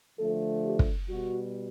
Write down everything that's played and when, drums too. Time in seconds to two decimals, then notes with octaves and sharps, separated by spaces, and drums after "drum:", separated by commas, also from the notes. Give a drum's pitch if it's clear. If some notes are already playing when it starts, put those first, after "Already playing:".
0.18 D3 F3 A3 A4
0.64 G4
0.79 drum: kick
1.09 B2 G3 F#4